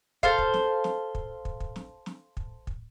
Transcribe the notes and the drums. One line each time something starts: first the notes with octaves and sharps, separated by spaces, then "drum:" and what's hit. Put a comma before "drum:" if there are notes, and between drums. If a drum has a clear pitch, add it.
A4 C5 F5, drum: kick
drum: kick
drum: snare
drum: snare
drum: kick
drum: kick
drum: kick
drum: snare
drum: snare
drum: kick
drum: kick